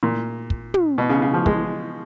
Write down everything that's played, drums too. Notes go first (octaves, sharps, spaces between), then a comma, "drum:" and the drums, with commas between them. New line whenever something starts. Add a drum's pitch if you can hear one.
A#2
drum: kick
drum: tom
B2
C#3
C#3
F3
G#3, drum: kick